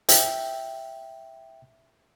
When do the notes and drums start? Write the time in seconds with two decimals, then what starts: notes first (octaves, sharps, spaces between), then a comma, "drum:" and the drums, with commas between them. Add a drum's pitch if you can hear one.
0.09 E5 G5, drum: hi-hat